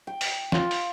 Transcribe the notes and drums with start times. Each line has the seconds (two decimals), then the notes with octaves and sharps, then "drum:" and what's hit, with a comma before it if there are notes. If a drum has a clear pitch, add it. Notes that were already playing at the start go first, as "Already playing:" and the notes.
0.07 G5
0.21 drum: open hi-hat
0.52 F4, drum: snare
0.71 drum: open hi-hat